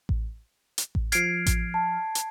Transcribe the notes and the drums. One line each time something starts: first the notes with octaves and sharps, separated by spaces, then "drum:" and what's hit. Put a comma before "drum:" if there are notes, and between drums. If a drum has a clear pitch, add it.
drum: kick A1
drum: hi-hat
drum: kick A1
F3 F6 G#6 C7 D7, drum: hi-hat
drum: kick A1, hi-hat
A5
drum: hi-hat